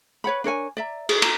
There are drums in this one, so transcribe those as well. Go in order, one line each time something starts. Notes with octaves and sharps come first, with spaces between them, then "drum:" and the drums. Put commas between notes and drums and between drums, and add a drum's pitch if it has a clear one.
B4 C#5 F#5 B5
D4 A#4 C#5 G#5
D5 E5 A#5
G#4, drum: cymbal
A#5, drum: cymbal